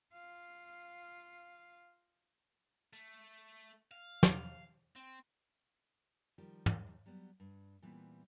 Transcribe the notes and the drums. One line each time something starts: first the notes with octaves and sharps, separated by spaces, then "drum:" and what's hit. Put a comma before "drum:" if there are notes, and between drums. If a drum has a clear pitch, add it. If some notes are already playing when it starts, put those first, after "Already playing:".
F4 F5
A3
F5
drum: snare
C4
D#3 F3 G3 G4
drum: tom
F#3 G3 B3
G2
A#2 E3 G3 B3 C4